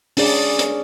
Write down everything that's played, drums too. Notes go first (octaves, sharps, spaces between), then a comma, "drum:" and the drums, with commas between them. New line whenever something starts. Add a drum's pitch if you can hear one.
C#4 D4 G#4 D5, drum: open hi-hat
drum: hi-hat